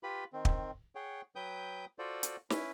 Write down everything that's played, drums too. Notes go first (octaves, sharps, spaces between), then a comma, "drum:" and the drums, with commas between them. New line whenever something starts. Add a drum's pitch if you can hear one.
F4 G4 B4 B5
D#3 C4
drum: kick
G#4 C#5 F#5 G5
F#3 B4 G5 D#6 G6
F4 F#4 A4 C5 D5
drum: hi-hat
C#4 E4 B4, drum: snare